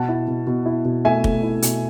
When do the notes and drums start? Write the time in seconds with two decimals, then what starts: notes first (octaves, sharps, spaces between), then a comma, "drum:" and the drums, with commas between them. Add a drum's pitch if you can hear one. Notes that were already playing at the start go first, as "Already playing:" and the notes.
Already playing: B2 F#5 A5
0.09 E4
0.28 B2
0.47 B2
0.66 E4
0.85 B2
1.05 A3 E5 G#5
1.24 A3, drum: kick
1.43 E4
1.62 B2, drum: hi-hat